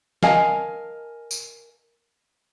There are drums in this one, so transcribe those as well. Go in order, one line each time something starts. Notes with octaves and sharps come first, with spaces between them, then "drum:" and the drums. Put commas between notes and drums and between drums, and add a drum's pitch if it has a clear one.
A#4 D#5 F5 G#5 A5, drum: snare
drum: tambourine